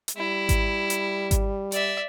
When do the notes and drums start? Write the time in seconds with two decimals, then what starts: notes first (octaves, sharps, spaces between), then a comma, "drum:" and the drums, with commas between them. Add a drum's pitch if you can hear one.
0.08 drum: hi-hat
0.17 G3 E4
0.49 drum: kick G#1, hi-hat
0.90 drum: hi-hat
1.31 drum: kick G#1, hi-hat
1.72 D5 E5, drum: hi-hat